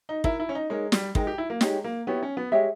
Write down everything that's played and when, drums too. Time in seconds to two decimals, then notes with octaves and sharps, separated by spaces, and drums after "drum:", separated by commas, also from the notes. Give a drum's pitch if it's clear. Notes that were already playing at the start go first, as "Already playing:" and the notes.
0.09 D#4
0.24 E4 A#4 E5 A#5, drum: kick
0.40 E4
0.49 C#4
0.55 D#4
0.70 G#3 D#4 A#4 C#5
0.92 G3, drum: snare
1.15 G#3 D#4 A#4 D#5 G5, drum: kick
1.27 G4
1.38 E4
1.50 A#3
1.61 G#3 D#4 G4 C#5 G5, drum: snare
1.84 A#3
2.07 B3 E4 G4 C#5
2.22 C#4
2.37 B3
2.52 G#3 G4 C#5 E5 G5